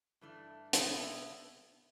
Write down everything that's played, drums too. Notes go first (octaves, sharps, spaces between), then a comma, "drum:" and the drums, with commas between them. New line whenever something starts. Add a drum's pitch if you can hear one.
G2 E3 A3 D4
B2 B3 E4, drum: hi-hat